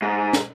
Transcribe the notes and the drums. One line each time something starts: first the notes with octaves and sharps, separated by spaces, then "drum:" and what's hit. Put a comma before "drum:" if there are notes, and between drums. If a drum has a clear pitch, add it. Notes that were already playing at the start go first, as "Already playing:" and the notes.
G#2
drum: snare